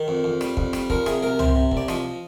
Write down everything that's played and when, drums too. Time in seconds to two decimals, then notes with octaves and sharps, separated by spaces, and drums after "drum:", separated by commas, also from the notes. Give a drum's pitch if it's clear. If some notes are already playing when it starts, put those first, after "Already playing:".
Already playing: D#3
0.08 F2
0.24 F2
0.41 G3, drum: rim click
0.57 F2, drum: kick
0.73 G3, drum: rim click
0.90 F3 A#4, drum: kick
1.06 C3 G#4, drum: rim click
1.23 C2 A#4
1.39 C3 C5, drum: tom
1.55 C3
1.72 C2, drum: kick
1.77 D5
1.88 F3 D#5, drum: rim click